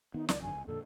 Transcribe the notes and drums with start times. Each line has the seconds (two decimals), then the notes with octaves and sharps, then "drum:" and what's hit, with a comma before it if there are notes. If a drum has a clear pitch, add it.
0.14 D#3 B3 D#4
0.29 C#2 D5, drum: snare
0.42 G#1 F#2 D3 G#5
0.54 C#2
0.67 F2 A#2 D3 A4